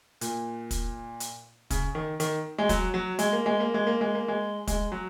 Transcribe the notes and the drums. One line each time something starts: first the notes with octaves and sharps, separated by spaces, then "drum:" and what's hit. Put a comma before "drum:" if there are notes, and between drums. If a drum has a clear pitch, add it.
A#2, drum: hi-hat
drum: kick, hi-hat
drum: hi-hat
C#3, drum: kick, hi-hat
D#3
D#3, drum: hi-hat
G#3
F#3, drum: kick, hi-hat
F#3
G#3, drum: hi-hat
A#3
G#3
A#3
G#3
A#3
G#3
A#3
G#3
G#3, drum: kick, hi-hat
F#3